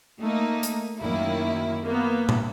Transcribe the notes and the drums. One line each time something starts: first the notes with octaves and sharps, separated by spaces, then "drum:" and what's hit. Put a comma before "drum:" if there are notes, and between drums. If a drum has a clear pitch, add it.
A3 A#3 D#4
drum: hi-hat
F#2 D#3 A#3 E4
A#3 B3
drum: tom A#2